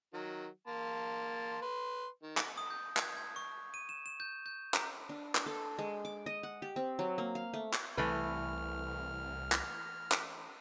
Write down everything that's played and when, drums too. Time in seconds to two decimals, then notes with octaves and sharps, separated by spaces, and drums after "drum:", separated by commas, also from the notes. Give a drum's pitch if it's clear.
0.13 D#3 F#3
0.67 A#3 A5 C6
1.62 B4 C6
2.22 D#3
2.37 drum: clap
2.58 D#6
2.71 G6
2.97 G#6, drum: clap
3.17 G#6
3.36 C#6
3.74 D#7
3.89 E7
4.06 E7
4.20 G6
4.46 G6
4.74 A#5, drum: clap
5.09 D4
5.35 drum: clap
5.46 A4
5.79 G#3
6.05 D6
6.26 D#5
6.43 F#5
6.62 G4
6.76 C4
6.99 F#3
7.18 A#3
7.35 F5
7.54 A3
7.73 drum: clap
7.97 C2 E3 A3 B4 F6
9.52 drum: clap
10.12 drum: clap